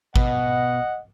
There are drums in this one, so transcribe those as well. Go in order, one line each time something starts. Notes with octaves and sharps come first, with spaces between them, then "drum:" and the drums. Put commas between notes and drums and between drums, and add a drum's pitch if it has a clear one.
B2 D#5 F#5, drum: kick G#1